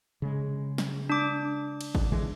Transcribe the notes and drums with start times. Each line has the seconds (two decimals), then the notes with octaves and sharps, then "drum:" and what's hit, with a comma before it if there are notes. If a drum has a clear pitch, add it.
0.22 C#3 G#3
0.78 drum: snare
1.10 D4 D6
1.81 drum: cymbal
1.95 drum: kick G#1
2.12 D3 E3 G#3